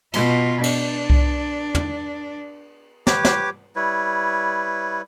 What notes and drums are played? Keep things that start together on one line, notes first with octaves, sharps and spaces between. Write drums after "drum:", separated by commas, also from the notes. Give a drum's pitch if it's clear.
B2 F4, drum: cymbal
D4, drum: cymbal
drum: kick C2
drum: tom
G4 B4 C#5 D6, drum: snare
drum: snare
G3 E4 B4 C#5